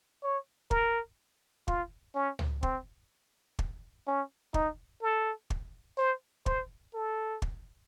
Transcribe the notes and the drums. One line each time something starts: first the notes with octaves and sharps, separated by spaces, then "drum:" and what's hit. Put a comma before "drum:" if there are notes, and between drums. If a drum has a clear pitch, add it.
C#5
A#4, drum: kick
F4, drum: kick
C#4
drum: tom C#2
C4, drum: kick
drum: kick
C#4
D#4, drum: kick
A4
drum: kick
C5
C5, drum: kick
A4
drum: kick